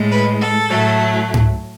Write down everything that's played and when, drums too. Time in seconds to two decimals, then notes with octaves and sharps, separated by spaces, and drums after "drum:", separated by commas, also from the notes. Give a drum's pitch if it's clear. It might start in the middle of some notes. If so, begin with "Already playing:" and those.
Already playing: A2 G#3
0.11 B4
0.40 A4
0.69 A2 F#3 A3
1.34 drum: tom G#2